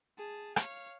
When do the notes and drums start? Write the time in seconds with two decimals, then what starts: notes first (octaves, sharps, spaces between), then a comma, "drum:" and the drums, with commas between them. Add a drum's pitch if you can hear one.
0.18 G#4 A5
0.56 C#5 F5, drum: rim click